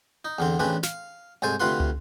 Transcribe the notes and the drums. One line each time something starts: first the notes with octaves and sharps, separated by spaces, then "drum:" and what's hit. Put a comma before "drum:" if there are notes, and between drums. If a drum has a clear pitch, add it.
D#4
E2 D3 C4
A1 C#3 C4 D4 B4
F5, drum: snare
C2 G#2 A4 C5 G#5
D2 C3 F4 B4 F#5 C6
drum: tom